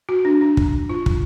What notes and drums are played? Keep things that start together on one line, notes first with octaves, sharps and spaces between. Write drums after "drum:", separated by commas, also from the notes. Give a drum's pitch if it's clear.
F#4
D4
D4
drum: kick
F4
drum: kick